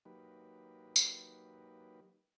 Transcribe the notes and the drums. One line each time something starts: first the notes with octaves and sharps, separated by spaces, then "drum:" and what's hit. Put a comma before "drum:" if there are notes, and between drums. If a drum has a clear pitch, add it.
F#3 A#3 D#4 G4 B4
drum: tambourine